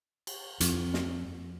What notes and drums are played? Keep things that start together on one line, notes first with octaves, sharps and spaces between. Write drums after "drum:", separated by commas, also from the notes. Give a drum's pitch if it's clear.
drum: cymbal
F2, drum: hi-hat
drum: snare